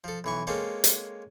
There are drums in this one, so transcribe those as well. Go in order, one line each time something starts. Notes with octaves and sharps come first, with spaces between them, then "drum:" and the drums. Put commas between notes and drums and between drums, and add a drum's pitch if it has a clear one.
F3 A4
B1 E3 C#6
G#3 A#3 C4 C#4 A4
drum: hi-hat